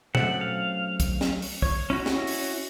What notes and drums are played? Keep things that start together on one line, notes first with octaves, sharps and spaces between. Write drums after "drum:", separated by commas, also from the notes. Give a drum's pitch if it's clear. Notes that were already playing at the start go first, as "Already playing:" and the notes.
F#2 A3 C4 F#5, drum: tom A#2
F5
drum: kick, hi-hat
drum: snare
drum: open hi-hat
C#5, drum: kick
C#4 E4 F#4
drum: snare
drum: open hi-hat